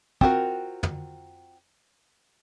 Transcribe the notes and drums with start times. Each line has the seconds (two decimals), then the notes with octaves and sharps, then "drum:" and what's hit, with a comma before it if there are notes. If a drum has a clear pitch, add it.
0.21 C4 F4 F#4 A#4, drum: kick
0.83 drum: tom